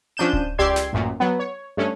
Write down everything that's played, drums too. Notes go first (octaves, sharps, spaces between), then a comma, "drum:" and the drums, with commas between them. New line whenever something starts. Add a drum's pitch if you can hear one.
F3 C#4 D4 G6 D#7 E7
drum: kick D1
C#2 G4 D5 C6 E6 G#6
drum: snare
A1 F#2 A#2
F#3 B3
C#5
G2 A3 C#4